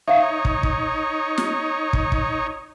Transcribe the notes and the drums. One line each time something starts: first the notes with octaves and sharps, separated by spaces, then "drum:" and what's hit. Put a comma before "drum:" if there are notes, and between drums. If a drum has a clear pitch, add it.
D#4 C#5 E5 F5
drum: kick
drum: kick
drum: snare
drum: kick
drum: kick